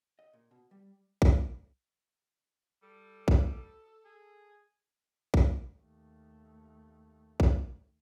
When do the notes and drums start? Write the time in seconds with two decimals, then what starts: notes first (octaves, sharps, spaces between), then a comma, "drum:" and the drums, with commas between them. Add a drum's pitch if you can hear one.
0.19 D#5
0.33 A#2
0.51 B2
0.71 G3
1.22 drum: kick
2.83 G3 A4
3.28 drum: kick
4.05 G#4
5.34 drum: kick
5.75 D#2 A3
7.40 drum: kick